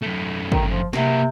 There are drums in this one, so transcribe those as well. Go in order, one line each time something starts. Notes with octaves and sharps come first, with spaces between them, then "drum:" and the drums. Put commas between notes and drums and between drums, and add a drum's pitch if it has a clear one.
F#2 A3
D#3, drum: kick
F3
C3 A#3 F#4, drum: snare